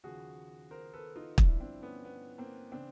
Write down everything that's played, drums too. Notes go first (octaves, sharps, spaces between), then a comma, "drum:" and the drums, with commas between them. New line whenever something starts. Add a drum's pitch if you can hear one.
D#2 C#3 F3 F#4 G#4
A#4 C5
A4 B4
D#4 F4
G2 D3 F3 D4 E4, drum: kick
C4 D4
B3 C#4
B3
A#3 C4
C#3 E3 C4 D4